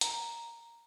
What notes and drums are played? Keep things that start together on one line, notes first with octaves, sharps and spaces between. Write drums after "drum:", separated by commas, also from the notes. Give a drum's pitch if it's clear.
A#5, drum: hi-hat